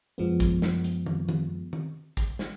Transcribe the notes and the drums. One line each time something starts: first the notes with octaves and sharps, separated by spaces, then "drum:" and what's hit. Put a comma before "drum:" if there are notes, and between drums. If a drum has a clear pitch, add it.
F#2 F3 G#3 B3
drum: kick, hi-hat
drum: snare
drum: hi-hat
drum: tom
drum: tom
drum: tom
drum: kick, hi-hat
drum: snare